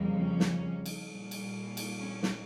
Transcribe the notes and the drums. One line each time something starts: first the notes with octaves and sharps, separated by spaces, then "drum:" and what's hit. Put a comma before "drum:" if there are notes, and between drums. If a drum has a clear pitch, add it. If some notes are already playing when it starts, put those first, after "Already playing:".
Already playing: F2 C#3 G3 A#3
C#4
drum: snare
drum: cymbal
A#2 G3 A#3
drum: cymbal
drum: cymbal
C#4
drum: snare